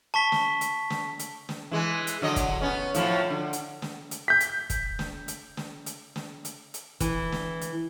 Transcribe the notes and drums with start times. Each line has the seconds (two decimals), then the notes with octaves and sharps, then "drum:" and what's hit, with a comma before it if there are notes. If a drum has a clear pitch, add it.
0.14 A5 C#6 B6 G7
0.32 drum: snare
0.61 drum: hi-hat
0.90 drum: snare
1.20 drum: hi-hat
1.49 drum: snare
1.71 E3 G#3
2.07 drum: hi-hat
2.22 D3 F#3 D#5
2.36 drum: kick, hi-hat
2.61 B3 C#4
2.95 A2 F3 F#3, drum: hi-hat
3.30 D3
3.53 drum: hi-hat
3.82 drum: snare
4.11 drum: hi-hat
4.28 G6 B6
4.41 drum: hi-hat
4.70 drum: kick, hi-hat
4.99 drum: snare
5.28 drum: hi-hat
5.57 drum: snare
5.86 drum: hi-hat
6.16 drum: snare
6.45 drum: hi-hat
6.74 drum: hi-hat
7.00 E3, drum: kick, hi-hat
7.32 drum: snare
7.62 drum: hi-hat